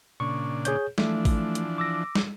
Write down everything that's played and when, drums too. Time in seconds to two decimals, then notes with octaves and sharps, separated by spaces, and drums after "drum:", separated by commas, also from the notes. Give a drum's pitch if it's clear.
0.20 A#2 C#3 D4 C#6
0.65 G#4 C#5 G6, drum: hi-hat
0.98 E3 F3 A3 D4, drum: snare
1.25 drum: kick G#1, open hi-hat
1.55 drum: hi-hat
1.78 D6 E6 A#6
2.15 drum: snare